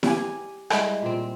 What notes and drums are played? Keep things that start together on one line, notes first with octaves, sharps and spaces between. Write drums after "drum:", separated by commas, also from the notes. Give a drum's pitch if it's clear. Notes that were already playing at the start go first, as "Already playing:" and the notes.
G4 G#5, drum: snare E4
G3 G#3 E4 G#5, drum: rim click
A#2 C4